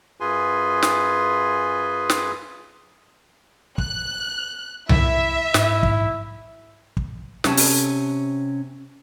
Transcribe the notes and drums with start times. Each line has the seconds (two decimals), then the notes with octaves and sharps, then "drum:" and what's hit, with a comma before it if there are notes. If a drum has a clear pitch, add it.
0.20 F#2 F4 G#4 B4 G#5 C6
0.83 drum: snare
2.10 drum: snare
3.78 F#6, drum: kick
4.89 E4 E5, drum: tom C2
5.54 G#2 E4, drum: snare
5.83 drum: kick
6.97 drum: kick
7.44 C3 C#4 A5, drum: snare
7.58 drum: open hi-hat